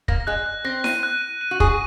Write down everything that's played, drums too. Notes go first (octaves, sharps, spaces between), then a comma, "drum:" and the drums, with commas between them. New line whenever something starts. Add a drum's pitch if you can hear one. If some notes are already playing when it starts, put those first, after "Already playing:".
A#3 A#6, drum: kick
G#3 F#6
F#6
C4 A#6
D#7, drum: snare E4
F#6
D#7
D#7
F#4
G#4 C#6, drum: kick